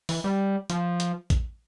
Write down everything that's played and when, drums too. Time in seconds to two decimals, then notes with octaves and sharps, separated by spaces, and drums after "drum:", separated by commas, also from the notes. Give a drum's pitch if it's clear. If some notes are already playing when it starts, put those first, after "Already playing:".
0.09 E3, drum: open hi-hat
0.24 G3
0.70 F3, drum: hi-hat
1.00 drum: hi-hat
1.30 drum: kick, hi-hat